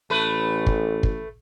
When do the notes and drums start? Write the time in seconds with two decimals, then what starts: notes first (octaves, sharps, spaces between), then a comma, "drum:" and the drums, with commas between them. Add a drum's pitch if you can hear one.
0.10 A1 A3 B4
0.66 drum: kick
1.03 drum: kick